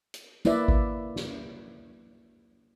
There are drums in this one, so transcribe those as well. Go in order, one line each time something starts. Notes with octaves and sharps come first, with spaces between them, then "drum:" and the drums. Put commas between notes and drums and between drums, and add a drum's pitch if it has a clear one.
drum: hi-hat
A#3 E4 B4 D5 E5, drum: tambourine
drum: kick G#1
drum: snare